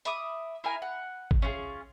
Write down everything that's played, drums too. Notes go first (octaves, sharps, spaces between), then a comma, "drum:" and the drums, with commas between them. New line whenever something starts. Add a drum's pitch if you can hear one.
E5 B5 D6 D#6, drum: hi-hat
E4 A#4 F5 G#5
F#5
drum: kick G#1
C#4 F4 G4 G#4